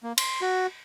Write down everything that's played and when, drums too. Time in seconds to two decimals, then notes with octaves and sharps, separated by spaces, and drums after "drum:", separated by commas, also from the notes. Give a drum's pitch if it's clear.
0.04 A#3
0.18 C6, drum: cymbal
0.42 F#4